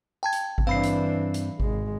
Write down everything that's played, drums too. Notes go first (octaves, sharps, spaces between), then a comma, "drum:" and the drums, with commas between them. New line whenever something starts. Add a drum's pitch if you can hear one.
G5 A5 G#6
drum: hi-hat
drum: kick G#1
G2 E3 C4 D4 F5 B5 C7
drum: hi-hat
drum: hi-hat
G#1 G#3, drum: kick G#1